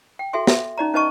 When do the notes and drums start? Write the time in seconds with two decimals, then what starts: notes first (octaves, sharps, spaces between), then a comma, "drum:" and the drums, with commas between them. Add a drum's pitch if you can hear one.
0.19 G5
0.33 F#4 A4 E5 G#5 C6
0.47 E5, drum: snare
0.78 C#4 D#4 D5 A#5
0.94 C#4 D#4 B4 D#5 A5 C#6